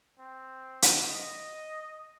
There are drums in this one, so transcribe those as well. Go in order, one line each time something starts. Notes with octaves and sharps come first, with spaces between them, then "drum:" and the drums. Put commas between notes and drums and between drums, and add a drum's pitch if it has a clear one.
C4
drum: hi-hat
D#5